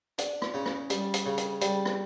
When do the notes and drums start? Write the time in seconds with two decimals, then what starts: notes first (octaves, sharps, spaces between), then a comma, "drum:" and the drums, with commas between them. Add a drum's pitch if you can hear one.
0.18 D4, drum: hi-hat
0.42 drum: rim click
0.54 C#3
0.66 drum: rim click
0.90 G3, drum: hi-hat
1.14 drum: hi-hat
1.26 C#3
1.38 drum: hi-hat
1.61 G3, drum: hi-hat
1.85 drum: rim click